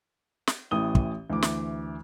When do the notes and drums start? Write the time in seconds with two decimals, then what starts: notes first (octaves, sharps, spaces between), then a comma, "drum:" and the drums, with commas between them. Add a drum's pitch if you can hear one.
0.47 drum: snare
0.71 A1 E3 D#6 G7
0.95 drum: kick
1.30 D2 E3 D6
1.42 drum: snare